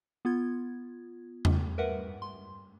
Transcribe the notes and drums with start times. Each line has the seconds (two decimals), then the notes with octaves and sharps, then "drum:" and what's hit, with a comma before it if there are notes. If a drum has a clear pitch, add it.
0.25 B3 F4 G#6
1.45 drum: tom E2
1.78 A#4 B4 E5 F#5
2.22 C6